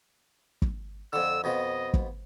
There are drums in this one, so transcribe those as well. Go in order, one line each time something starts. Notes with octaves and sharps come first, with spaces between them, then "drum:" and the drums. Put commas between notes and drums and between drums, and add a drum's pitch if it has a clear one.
drum: kick
F2 D3 E6
F2 B2 F3 D#5
drum: kick